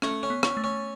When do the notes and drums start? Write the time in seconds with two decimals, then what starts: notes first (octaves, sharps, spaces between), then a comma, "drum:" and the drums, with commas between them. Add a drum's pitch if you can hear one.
0.02 A3 C#4, drum: rim click
0.23 C#4
0.30 B3
0.43 C#4, drum: rim click
0.57 A3
0.64 C#4